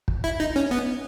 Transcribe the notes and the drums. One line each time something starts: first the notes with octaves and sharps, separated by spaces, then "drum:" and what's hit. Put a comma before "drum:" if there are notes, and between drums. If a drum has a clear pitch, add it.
drum: kick
E4
D#4
C#4
B3